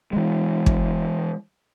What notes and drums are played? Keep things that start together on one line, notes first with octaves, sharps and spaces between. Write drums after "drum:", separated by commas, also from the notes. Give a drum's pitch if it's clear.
E3 G#3
drum: kick